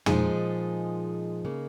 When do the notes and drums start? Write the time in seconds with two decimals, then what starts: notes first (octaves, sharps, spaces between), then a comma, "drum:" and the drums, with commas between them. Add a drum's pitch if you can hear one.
0.06 A#2 F3 G#3 D#4 G#4, drum: tom
1.45 C#3 A#3